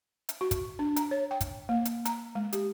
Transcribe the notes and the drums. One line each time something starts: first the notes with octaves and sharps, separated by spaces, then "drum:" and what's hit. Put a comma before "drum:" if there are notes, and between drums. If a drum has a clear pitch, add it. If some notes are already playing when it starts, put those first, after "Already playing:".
drum: hi-hat
F#4
drum: kick, hi-hat
D4
A#5, drum: hi-hat
C#5
G5
drum: kick, hi-hat
A#3
drum: hi-hat
A#5, drum: hi-hat
G#3
G4, drum: hi-hat